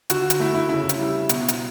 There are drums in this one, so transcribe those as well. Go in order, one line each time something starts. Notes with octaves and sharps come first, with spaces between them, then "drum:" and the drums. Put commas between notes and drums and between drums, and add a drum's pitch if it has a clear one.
D3 F#4, drum: hi-hat
drum: hi-hat
A3 E4
E4
C#3 E4
drum: hi-hat
G3
B2, drum: hi-hat
drum: hi-hat